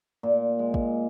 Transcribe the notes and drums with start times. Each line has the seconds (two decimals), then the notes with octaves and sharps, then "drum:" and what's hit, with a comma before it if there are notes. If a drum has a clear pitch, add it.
0.23 A#2
0.59 G#3
0.74 drum: kick